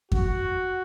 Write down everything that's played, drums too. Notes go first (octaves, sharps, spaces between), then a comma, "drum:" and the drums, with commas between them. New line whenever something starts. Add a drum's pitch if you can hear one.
F#4, drum: kick F2